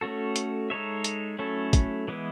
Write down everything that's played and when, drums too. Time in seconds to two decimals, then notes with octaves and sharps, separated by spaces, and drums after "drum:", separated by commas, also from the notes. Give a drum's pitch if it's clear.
0.01 A3 C#4 F#4 A4
0.36 drum: hi-hat
0.70 G#3 D#4 A4 C#5 E5
1.04 drum: hi-hat
1.39 F#3 A3 C#4 E4 A4
1.73 drum: kick, hi-hat
2.08 E3 G#3 B3 E4